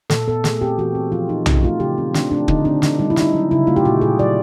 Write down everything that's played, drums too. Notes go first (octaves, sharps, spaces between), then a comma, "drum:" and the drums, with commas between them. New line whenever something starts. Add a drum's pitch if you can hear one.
A#2 A4, drum: snare
B3 A4
A3 G#4, drum: snare
C4 G4
E3 F#4
C4
F3 F4
F3 D#4
C#4 D#4, drum: tom B1
A3 F4
C#3 G4
C4
C4 D4, drum: snare
A3 D4
D3 D#4, drum: kick
C4 D4
C4 D4, drum: snare
G3 D#4
E4
D4 D#4, drum: snare
F#3
C#3 E4
A3 F4
G4
A#2 F#4
A#2 G#4
F#3 D5